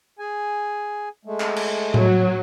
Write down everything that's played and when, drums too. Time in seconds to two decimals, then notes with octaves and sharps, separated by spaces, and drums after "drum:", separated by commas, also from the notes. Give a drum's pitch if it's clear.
0.19 G#4 G#5
1.25 G#3 A3
1.40 drum: clap
1.56 drum: cymbal
1.94 F#3, drum: tom A2